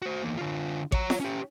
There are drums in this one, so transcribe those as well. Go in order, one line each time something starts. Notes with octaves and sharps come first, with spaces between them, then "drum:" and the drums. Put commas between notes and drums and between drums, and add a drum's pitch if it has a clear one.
F#4 C5
E2 A#3
D3 F4
C#5 A#5, drum: kick A1
drum: snare F4
C#4 G4